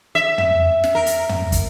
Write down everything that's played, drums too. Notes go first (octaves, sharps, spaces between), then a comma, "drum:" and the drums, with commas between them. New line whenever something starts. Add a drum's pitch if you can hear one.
E5
drum: tom
drum: snare
A#4
drum: hi-hat
drum: tom
drum: kick, hi-hat